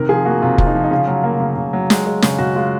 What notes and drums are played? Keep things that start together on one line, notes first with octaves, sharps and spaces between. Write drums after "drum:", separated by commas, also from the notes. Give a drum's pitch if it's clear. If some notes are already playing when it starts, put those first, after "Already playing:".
Already playing: C3 D#3 A#4
F3 G#4
A#3 F#4
C3 F4
C3 F4, drum: kick
D#4
F3
D#4
C#3 F4
F#3
A#3
C#3
C#3
F#3
G#3, drum: snare
G#3
C#3, drum: snare
C#3 F#4
G#3 F4